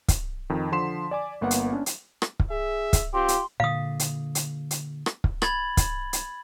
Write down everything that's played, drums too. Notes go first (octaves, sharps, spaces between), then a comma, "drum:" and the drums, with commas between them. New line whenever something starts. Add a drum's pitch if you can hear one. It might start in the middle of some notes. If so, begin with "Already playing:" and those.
drum: kick, hi-hat
F2 D#3
D3 F3 F#5 C6 B6 E7
D5 G#5 D6
G1 A#3 B3 F#5
drum: hi-hat
C#4 D4
drum: hi-hat
drum: rim click
drum: kick
G#4 E5
drum: kick, hi-hat
C4 F4 G4 C6
drum: hi-hat
A#2 D3 F5 D#6
drum: hi-hat
drum: hi-hat
drum: hi-hat
drum: rim click
drum: kick
B5 G#6 A6 F#7, drum: rim click
drum: kick, hi-hat
drum: hi-hat